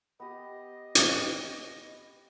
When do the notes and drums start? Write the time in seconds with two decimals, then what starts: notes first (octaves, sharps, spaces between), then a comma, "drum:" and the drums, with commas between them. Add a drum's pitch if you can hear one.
0.20 B3 G4 D#5
0.95 drum: hi-hat